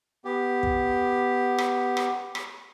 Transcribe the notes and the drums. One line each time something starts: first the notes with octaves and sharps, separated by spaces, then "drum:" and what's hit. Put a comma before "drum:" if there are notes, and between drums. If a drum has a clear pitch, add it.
B3 G4
drum: kick
drum: rim click
drum: rim click
drum: rim click